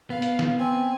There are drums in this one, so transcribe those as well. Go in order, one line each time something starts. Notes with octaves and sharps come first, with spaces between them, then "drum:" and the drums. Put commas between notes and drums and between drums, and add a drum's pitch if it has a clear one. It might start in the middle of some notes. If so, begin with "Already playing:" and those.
B3 F5
drum: hi-hat
drum: snare
C4 G#5